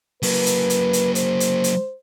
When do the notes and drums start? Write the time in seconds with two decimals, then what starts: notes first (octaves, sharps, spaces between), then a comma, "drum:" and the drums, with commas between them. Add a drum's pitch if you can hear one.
0.23 F#3 A#3 B4, drum: open hi-hat
0.46 drum: hi-hat
0.70 drum: hi-hat
0.93 drum: hi-hat
1.15 C5, drum: hi-hat
1.40 drum: hi-hat
1.64 drum: hi-hat